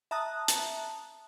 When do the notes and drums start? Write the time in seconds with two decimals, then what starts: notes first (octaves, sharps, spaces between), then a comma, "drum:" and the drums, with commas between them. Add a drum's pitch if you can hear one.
0.11 E5 A5 A#5 D#6 F#6
0.48 drum: hi-hat